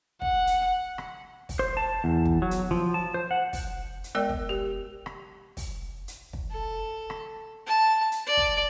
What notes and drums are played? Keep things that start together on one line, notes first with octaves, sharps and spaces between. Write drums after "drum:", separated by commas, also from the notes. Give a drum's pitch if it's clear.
F#5, drum: kick
drum: hi-hat
drum: rim click
drum: kick, open hi-hat
C5
A5
E2
drum: kick
F#3
drum: hi-hat
F3
A5
C5
F#5
drum: kick, open hi-hat
drum: hi-hat
G#3 B3 A#4 D5 G5
drum: kick
G4
drum: rim click
drum: kick, open hi-hat
drum: hi-hat
drum: kick
A4
drum: rim click
A5
drum: hi-hat
D5
drum: kick